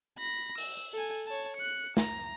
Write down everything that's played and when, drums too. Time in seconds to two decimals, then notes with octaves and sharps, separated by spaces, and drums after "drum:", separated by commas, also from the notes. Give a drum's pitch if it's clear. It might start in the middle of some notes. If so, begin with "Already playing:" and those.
0.18 B5 A#6
0.58 E6, drum: open hi-hat
0.93 A4 G#5
1.27 C#5 A5
1.57 F#6 C#7
1.97 A#5, drum: snare